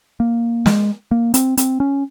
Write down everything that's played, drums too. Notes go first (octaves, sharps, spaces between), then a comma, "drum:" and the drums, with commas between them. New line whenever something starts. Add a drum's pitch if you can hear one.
A#3
G#3, drum: snare
A#3
C4, drum: hi-hat
C4, drum: hi-hat
C#4